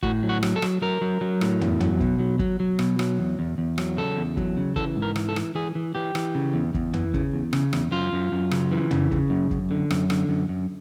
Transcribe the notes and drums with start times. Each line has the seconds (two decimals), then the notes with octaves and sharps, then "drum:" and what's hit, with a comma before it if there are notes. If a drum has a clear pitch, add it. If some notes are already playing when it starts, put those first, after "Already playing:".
0.03 A2 F#4, drum: kick
0.23 F#3
0.29 F#4
0.43 F#3, drum: rim click
0.56 A4
0.62 F#3, drum: rim click
0.82 F#3 A#4
1.01 F#3
1.21 F#3
1.41 A2, drum: rim click
1.61 E2, drum: tom
1.80 F#3, drum: tom
2.01 B2, drum: kick
2.19 F#3
2.39 F#3, drum: kick
2.60 F#3
2.79 B2, drum: rim click
2.99 F#3, drum: rim click
3.19 E2
3.39 E2
3.58 E2
3.78 F#3, drum: rim click
3.97 C#3 A4
4.17 E2
4.37 F#3, drum: kick
4.57 C#3
4.76 E3 A4, drum: kick
4.96 G#2
5.02 A#4
5.16 E3, drum: rim click
5.29 A4
5.36 E3, drum: rim click
5.55 E3 G#4
5.75 E3
5.95 E3 G4
6.15 E3, drum: rim click
6.35 C#3
6.54 E2
6.74 E2, drum: kick
6.93 E3, drum: tom
7.14 C#3, drum: kick
7.34 E2
7.53 C#3, drum: rim click
7.73 E2, drum: rim click
7.92 F#2 F4
8.13 F#2
8.32 F#2
8.51 C#3, drum: rim click
8.72 E3
8.91 C#3, drum: tom
9.11 C#3, drum: kick
9.30 F#2
9.51 F#2, drum: kick
9.71 D3
9.90 F#2, drum: rim click
10.10 D3, drum: rim click
10.29 F#2
10.49 F#2